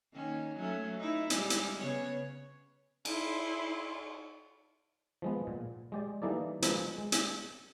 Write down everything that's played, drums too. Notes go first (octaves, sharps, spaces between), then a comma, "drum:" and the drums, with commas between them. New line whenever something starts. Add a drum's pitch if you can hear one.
D#3 A#3 C#4
F#3 A3 C#4
D#4 E4
G3 G#3, drum: hi-hat
drum: hi-hat
C#3 B3 C#5
E4 C6, drum: cymbal
F3 G#3 B3
A#2
G#3 G4 D5
E3 G3 A#3 D#4 A4 D5
F3 G#3 A#4 B4, drum: hi-hat
G#3
drum: hi-hat